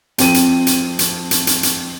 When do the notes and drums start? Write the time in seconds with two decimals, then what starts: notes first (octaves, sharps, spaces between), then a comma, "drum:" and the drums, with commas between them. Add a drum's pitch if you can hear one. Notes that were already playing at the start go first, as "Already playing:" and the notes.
0.18 F2 C4 D#7, drum: hi-hat
0.34 drum: hi-hat
0.67 drum: hi-hat
0.99 drum: hi-hat
1.31 drum: hi-hat
1.47 drum: hi-hat
1.63 drum: hi-hat